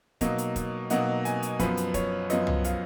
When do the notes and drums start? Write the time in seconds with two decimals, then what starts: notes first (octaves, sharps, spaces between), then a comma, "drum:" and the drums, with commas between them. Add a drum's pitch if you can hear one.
0.21 B2 F#3 A#3 D#4, drum: kick E1, hi-hat
0.38 drum: hi-hat
0.56 drum: kick E1, hi-hat
0.90 B2 F#3 A#3 D#4 F#5, drum: hi-hat
1.25 G#5, drum: hi-hat
1.43 drum: hi-hat
1.60 F#2 F3 B3 B4, drum: kick E1, hi-hat
1.77 drum: hi-hat
1.94 C#5, drum: kick E1, hi-hat
2.30 F#2 F3 B3 D#5, drum: hi-hat
2.47 drum: tom C2
2.64 F5, drum: hi-hat